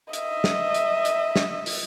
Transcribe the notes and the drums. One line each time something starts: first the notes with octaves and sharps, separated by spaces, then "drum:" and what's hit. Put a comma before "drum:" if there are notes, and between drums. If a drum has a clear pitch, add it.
D#5 E5, drum: hi-hat
drum: snare
drum: hi-hat
drum: hi-hat
drum: snare
drum: open hi-hat